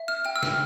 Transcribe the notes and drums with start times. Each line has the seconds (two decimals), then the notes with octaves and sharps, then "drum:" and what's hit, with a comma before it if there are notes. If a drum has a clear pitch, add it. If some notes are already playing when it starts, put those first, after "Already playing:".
Already playing: E5
0.08 F6
0.25 G5 F6
0.36 E6
0.43 F6, drum: snare